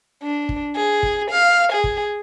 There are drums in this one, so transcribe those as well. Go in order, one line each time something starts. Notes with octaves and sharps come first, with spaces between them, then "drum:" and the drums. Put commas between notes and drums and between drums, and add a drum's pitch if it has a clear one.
D4
drum: kick
G#4
drum: kick
F5
G#4
drum: kick